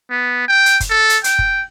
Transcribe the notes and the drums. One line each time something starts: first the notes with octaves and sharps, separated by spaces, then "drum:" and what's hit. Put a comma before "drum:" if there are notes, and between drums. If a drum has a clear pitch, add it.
B3
G5
drum: hi-hat
drum: kick, hi-hat
A4
drum: hi-hat
G5, drum: hi-hat
drum: kick